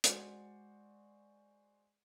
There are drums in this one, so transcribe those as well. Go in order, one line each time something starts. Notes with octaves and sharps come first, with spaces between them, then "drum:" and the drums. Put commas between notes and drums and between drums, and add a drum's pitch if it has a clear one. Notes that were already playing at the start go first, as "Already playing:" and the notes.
G#3 F#4 C5 D5 C#7, drum: hi-hat